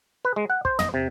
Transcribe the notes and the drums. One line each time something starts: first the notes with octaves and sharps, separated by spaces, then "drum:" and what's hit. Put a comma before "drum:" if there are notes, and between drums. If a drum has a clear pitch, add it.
B4
G#3
F#5
C5, drum: kick
D#5, drum: tom
C3